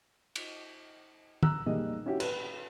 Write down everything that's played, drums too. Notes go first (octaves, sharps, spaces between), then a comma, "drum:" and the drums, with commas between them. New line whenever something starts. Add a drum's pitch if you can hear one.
drum: cymbal
A#5 E6 F#6, drum: tom
F1 G3 A#3 G#4 D#5
C#4 E4 F#4 G4 E5
B4, drum: cymbal